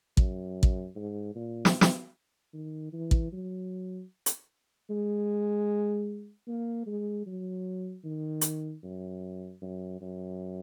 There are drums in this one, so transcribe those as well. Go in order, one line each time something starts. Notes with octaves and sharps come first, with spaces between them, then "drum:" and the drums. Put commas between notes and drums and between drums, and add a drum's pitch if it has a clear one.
F#2, drum: kick
drum: kick
G#2
A#2
drum: snare
drum: snare
D#3
E3
drum: kick
F#3
drum: hi-hat
G#3
A#3
G#3
F#3
D#3
drum: hi-hat
F#2
F#2
F#2